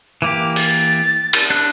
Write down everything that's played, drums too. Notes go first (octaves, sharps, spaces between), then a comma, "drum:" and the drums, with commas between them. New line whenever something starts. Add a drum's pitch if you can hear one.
E3 A#3 G4 D6
A6, drum: open hi-hat
drum: cymbal
D4 F#6